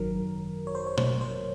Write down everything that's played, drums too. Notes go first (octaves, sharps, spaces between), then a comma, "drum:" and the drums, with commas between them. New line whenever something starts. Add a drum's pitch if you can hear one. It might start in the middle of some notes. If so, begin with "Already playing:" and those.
Already playing: G#1 F#2 D#3 F#3 A#4
C#5
C5
C#5
C5, drum: tom B2
C5